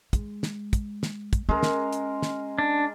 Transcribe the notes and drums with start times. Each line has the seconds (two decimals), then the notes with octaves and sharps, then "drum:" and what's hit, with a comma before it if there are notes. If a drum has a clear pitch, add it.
0.13 G#3, drum: kick, hi-hat
0.43 drum: snare
0.73 drum: kick, hi-hat
1.03 drum: snare
1.33 drum: kick, hi-hat
1.49 G#3 C#4 A#4
1.63 drum: snare
1.93 drum: hi-hat
2.22 drum: snare
2.59 D4